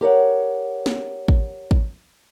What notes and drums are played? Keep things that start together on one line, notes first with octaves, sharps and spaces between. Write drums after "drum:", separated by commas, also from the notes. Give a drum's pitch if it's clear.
G4 A#4 C#5 F#5
drum: snare
drum: kick
drum: kick